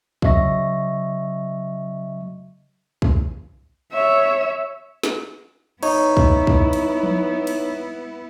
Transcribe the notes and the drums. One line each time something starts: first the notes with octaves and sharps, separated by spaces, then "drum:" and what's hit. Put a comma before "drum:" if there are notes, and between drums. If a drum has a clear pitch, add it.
C#3 F#3 D#5 E5 C#6 A#6, drum: kick
drum: kick
C#5 E5
drum: snare
B3 D#4 E4 C#5, drum: cymbal
drum: kick
drum: kick
drum: cymbal
drum: tom F3
drum: cymbal